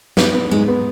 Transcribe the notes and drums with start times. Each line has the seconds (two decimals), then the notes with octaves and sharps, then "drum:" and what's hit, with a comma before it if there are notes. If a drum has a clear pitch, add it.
0.17 G3 B3, drum: snare
0.34 B3
0.51 G#2 G#3
0.68 B3